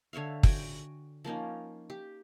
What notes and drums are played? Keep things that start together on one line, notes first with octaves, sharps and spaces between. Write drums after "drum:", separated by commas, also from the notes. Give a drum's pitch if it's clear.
D3 C#5 E5 F5
F#4 G5 G#5, drum: kick
F3 A#3 C#4 D#4
G4